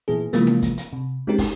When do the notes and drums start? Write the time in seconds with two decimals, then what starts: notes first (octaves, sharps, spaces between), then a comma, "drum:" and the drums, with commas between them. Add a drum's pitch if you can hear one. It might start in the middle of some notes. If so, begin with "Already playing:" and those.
0.08 A#2 E3 B3 G#4
0.33 C3 E3 F3 G#3 A#3 B3, drum: hi-hat
0.47 drum: snare C#4
0.62 drum: kick, hi-hat
0.77 drum: hi-hat
0.93 C3
1.27 G#3 C4 C#4 D#4 G4 A#4
1.38 drum: kick, open hi-hat